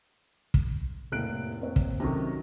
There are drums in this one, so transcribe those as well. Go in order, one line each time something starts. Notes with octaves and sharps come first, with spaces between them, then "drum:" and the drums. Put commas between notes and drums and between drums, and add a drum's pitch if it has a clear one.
drum: kick
F1 A2 C3 A#3 F#6 D7
A#3 C4 C#5
drum: kick
F#2 C3 D#3 F#3 A4 C#6